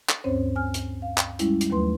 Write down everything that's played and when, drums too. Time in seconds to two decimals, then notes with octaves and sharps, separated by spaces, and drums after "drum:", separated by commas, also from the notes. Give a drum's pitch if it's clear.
0.09 drum: clap
0.24 D2 G2 C4 C#4 C5 C#5
0.56 G#5 F6
0.74 drum: hi-hat
1.02 F5
1.18 drum: clap
1.39 G3 G#3 C#4 E4, drum: hi-hat
1.61 drum: hi-hat
1.70 D#2 F#3 A3 B4 C6